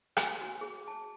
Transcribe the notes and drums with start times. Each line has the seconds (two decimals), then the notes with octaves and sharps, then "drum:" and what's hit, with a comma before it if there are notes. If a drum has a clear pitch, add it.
0.17 G#5, drum: rim click
0.41 F#4
0.61 G#4
0.88 A5